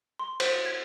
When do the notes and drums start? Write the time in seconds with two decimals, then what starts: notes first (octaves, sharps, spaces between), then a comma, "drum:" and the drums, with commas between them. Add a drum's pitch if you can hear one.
0.19 C6
0.40 C5, drum: cymbal
0.66 G#6